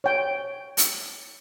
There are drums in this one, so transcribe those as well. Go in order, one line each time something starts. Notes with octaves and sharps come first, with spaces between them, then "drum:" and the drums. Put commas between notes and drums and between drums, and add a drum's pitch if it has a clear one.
C#5 G5
drum: hi-hat